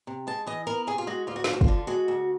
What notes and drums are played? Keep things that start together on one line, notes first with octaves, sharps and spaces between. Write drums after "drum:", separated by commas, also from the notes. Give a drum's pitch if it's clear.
C3
G#3 A5
E3 D#5
B3 A#4
C3 G#4
F4
G#3 F#4
D2 F4
F#4
F3 F4, drum: snare
F#4
F4, drum: kick
D3
G#3 F#4
D2